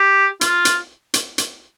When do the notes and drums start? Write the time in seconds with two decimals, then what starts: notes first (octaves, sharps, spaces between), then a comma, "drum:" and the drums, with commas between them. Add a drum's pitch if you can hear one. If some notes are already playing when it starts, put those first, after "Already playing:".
Already playing: G4
0.41 F4, drum: hi-hat
0.65 drum: hi-hat
1.14 drum: hi-hat
1.38 drum: hi-hat